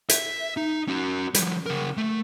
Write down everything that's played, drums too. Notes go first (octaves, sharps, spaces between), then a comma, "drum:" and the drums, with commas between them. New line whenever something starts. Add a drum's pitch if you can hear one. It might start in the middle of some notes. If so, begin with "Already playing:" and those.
E5, drum: hi-hat
D#4
C#4 F#4
F3 G3, drum: hi-hat
C#3 A#4
A3